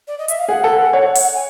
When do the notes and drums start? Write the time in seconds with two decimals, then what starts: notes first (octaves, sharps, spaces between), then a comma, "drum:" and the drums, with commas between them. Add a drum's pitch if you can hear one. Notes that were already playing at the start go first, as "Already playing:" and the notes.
0.07 D5
0.18 D#5
0.28 E5, drum: hi-hat
0.38 F5
0.48 G#4 F#5
0.64 A4
0.78 A4
0.93 C#5
1.15 drum: open hi-hat
1.34 G#5